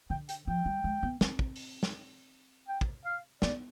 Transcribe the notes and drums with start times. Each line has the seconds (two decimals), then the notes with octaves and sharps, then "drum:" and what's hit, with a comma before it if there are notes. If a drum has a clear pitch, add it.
0.10 D3 G5
0.29 G5, drum: hi-hat
0.47 F3 G5
0.66 G3
0.84 G#3
1.03 B3
1.21 C4, drum: snare
1.39 drum: kick
1.56 drum: open hi-hat
1.83 drum: snare
2.68 G5
2.81 drum: kick
3.05 F5
3.42 B3 D5, drum: snare